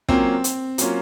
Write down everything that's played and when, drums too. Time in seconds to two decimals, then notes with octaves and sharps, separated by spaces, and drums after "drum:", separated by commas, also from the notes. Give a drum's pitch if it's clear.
0.09 F#3 A#3 C4 C#4 F4, drum: kick
0.44 drum: hi-hat
0.78 F#3 A#3 C#4 F4, drum: hi-hat